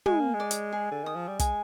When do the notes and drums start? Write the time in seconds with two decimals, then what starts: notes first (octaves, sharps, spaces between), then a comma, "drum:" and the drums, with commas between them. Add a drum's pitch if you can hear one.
0.06 G#3 G#5, drum: tom
0.19 A#3
0.33 G#3
0.40 D5
0.51 drum: hi-hat
0.73 G#4
0.91 D3
1.04 D#3 D#6
1.15 F3
1.28 G3
1.39 G#3 G#5, drum: kick, hi-hat